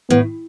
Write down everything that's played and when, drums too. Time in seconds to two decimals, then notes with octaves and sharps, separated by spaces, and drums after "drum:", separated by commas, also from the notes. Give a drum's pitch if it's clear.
0.10 A2 B3, drum: tom D#3